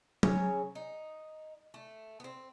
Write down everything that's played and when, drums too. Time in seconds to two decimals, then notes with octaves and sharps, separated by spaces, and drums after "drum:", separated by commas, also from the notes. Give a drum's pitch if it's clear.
0.23 C#3 F#3 C#4 C#5, drum: tom
0.75 D#4
1.74 A3
2.20 B3 C4